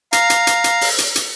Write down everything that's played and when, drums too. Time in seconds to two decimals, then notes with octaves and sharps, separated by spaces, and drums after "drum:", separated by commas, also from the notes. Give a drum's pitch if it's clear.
0.13 F5 A#5, drum: hi-hat
0.30 drum: hi-hat
0.47 drum: hi-hat
0.64 drum: hi-hat
0.81 drum: open hi-hat
0.98 drum: hi-hat
1.16 drum: hi-hat